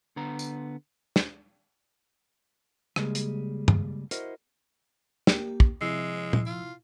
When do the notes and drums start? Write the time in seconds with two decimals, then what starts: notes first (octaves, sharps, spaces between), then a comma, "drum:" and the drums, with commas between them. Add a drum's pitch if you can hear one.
0.16 D3 B3 A#5
0.39 drum: tambourine
1.16 drum: snare
2.96 C#3 G3 G#3 A#3 G#4, drum: rim click
3.15 drum: hi-hat
3.68 drum: tom G2
4.11 E4 F#4 A#4 C5 D#5 F#5, drum: hi-hat
5.27 A#3 G4, drum: snare
5.60 drum: kick
5.81 C3 F3 G#3 E4 E6 C7
6.33 drum: tom
6.46 F4